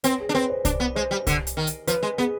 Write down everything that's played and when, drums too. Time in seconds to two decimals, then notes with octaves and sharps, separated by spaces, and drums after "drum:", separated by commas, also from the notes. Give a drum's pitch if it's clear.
0.04 C4 B4, drum: hi-hat
0.20 G#4
0.29 D4
0.35 C4 B4
0.50 C5
0.65 D4 D5, drum: kick C2, hi-hat
0.80 B3
0.96 G#3 C5
1.11 G3
1.27 D3, drum: kick C2, hi-hat
1.47 drum: hi-hat
1.57 D#3
1.67 drum: hi-hat
1.87 F3 B4, drum: hi-hat
2.03 G#3
2.18 B3 G#4